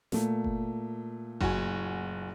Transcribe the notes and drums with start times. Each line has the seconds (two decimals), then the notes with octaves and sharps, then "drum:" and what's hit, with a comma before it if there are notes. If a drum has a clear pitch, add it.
0.12 A#2 A3, drum: snare
0.44 drum: kick F#1
1.41 F#1 F#4 G#5, drum: kick F#1